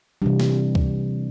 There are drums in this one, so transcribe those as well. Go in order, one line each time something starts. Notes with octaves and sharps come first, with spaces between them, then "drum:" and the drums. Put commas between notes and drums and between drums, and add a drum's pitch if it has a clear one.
C3 E3 G3 D4
drum: snare
drum: kick C#2